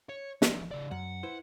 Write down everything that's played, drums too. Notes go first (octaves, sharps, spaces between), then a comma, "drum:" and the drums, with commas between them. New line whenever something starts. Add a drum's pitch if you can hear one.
C#5
F3 D#4, drum: snare
C#3 D5
F#2 F#5
E4 B4 C5